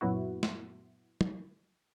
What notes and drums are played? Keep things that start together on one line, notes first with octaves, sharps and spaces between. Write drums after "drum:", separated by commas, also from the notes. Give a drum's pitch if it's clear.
F#2 A#2 F#3 B3 E4 F#4
drum: snare
drum: tom